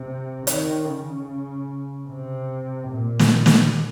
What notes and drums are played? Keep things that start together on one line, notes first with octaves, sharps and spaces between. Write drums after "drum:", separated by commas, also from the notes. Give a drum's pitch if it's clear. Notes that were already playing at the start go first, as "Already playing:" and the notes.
Already playing: C3
D#3, drum: hi-hat
C#3
C3
A#2
drum: snare
drum: snare